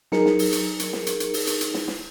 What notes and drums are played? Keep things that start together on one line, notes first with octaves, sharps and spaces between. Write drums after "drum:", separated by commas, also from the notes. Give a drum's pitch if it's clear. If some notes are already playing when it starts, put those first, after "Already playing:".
F#3 D#4 G#4 A#4 C#7, drum: snare
drum: snare
drum: open hi-hat
drum: hi-hat
drum: hi-hat
drum: snare
drum: hi-hat
drum: hi-hat
drum: open hi-hat
drum: hi-hat
drum: hi-hat
drum: snare
drum: snare